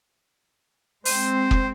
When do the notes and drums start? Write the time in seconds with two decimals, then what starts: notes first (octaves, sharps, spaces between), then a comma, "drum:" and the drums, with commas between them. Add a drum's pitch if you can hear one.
1.05 G#3 C4 C5, drum: open hi-hat
1.51 drum: kick